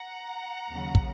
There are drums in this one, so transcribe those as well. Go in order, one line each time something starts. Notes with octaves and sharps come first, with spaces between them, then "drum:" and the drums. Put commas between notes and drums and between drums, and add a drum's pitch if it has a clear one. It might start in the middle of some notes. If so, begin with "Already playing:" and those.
Already playing: F#5 A#5
D#2 C#3 F#3
drum: kick